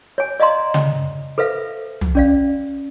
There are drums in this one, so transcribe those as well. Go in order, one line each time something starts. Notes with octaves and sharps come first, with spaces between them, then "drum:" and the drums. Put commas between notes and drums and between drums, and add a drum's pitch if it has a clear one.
C#5 G#5
D5 D#5 F5 A#5 C6
drum: tom C#3
A4 B4 C5 E5 F5
drum: tom
C#4 D5 F5